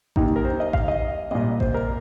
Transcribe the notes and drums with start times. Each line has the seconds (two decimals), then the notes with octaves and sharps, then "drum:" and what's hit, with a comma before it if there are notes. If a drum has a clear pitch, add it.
0.16 D#2 D#3 D#4, drum: kick A1
0.36 A#4
0.45 C5
0.60 D#5
0.73 F5, drum: kick A1
0.88 D#5
1.31 C2 A#2 D#5
1.60 C5, drum: kick A1
1.74 A#4